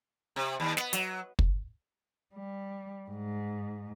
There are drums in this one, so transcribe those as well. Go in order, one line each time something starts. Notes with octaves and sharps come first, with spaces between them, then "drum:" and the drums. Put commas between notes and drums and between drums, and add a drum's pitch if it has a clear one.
C3
D#2
B3, drum: snare
F#3, drum: hi-hat
drum: kick
G3
G#2